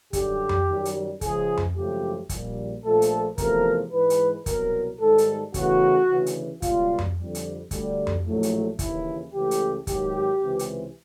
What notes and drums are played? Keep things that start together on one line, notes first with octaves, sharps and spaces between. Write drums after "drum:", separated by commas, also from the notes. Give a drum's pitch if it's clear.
F#2 D3 G3 G4, drum: kick, hi-hat
drum: tom F2
F#2 D#3 G3
drum: hi-hat
C#2 C#3 F3 G#3 G#4, drum: kick, hi-hat
drum: tom F2
G#1 F#2 C#3 F3 A3 G4
A#1 A#2 G3, drum: kick, hi-hat
A#1 A#2 F3 A3 A4
drum: hi-hat
E2 C3 F3 A3 A#4, drum: kick, hi-hat
G#2 E3 G#3 B4
drum: hi-hat
C2 B2 F#3 A#4, drum: kick, hi-hat
G#2 D#3 G3 A4
drum: hi-hat
E2 C#3 E3 A3 F#4, drum: kick, hi-hat
D2 C#3 E3
drum: hi-hat
C#2 B2 G3 F4, drum: kick, hi-hat
drum: tom F2
F2 D3 G3
drum: hi-hat
D2 D3 G3, drum: kick, hi-hat
drum: tom F2
A#1 A2 F#3 A3
drum: hi-hat
D#2 C#3 E3 E4, drum: kick, hi-hat
C#2 C#3 E3 A3 G4
drum: hi-hat
G#1 G#2 D#3 F#3 G4, drum: kick, hi-hat
C#2 C3 E3
drum: hi-hat